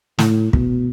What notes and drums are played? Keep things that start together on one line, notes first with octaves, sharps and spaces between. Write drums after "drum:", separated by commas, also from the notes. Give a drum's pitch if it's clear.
A2, drum: snare
B2, drum: kick